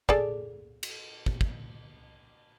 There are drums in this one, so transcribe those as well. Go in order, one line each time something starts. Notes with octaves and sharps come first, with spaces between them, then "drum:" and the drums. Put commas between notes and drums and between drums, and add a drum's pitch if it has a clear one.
G#4 A4 D5, drum: kick
drum: cymbal
drum: kick
drum: kick